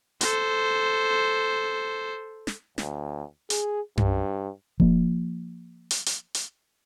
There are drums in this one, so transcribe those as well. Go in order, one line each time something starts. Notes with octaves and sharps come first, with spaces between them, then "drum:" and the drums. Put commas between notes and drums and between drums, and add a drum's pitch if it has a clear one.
A4 C5, drum: hi-hat
drum: snare
D2, drum: snare
G#4, drum: hi-hat
G2, drum: tom F#2
F3 A#3, drum: kick E1
drum: hi-hat
drum: hi-hat
drum: hi-hat